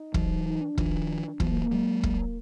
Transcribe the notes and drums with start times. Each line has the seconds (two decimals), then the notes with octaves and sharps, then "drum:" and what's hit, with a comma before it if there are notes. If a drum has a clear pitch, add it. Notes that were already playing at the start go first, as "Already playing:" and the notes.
Already playing: D#4
0.14 E3 F#3, drum: kick
0.46 D#4
0.61 D4
0.78 D#3 F3, drum: kick
1.40 E3 F#3 B3, drum: kick
1.51 A#3
1.62 A#3
1.71 F#3 G#3
2.03 drum: kick